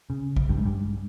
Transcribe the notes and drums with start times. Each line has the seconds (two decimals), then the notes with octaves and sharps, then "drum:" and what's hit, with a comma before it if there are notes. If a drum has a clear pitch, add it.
0.10 C#3
0.36 drum: kick A#1
0.49 G2
0.57 G#2
0.66 G2